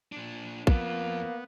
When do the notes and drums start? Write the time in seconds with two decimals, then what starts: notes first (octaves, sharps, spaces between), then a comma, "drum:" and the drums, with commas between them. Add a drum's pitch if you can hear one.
0.12 A#2 D4
0.67 F2 F3 A#3 B3, drum: kick